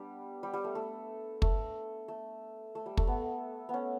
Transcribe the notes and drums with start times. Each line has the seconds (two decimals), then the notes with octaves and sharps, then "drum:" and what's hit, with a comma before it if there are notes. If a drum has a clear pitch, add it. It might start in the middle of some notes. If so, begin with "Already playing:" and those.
Already playing: G3 B3 D4
0.43 G3
0.53 G3
0.64 A3
0.75 A3
1.42 A3, drum: kick
2.08 A3
2.75 A3
2.86 G3
2.97 A3, drum: kick
3.07 B3
3.69 B3 C#4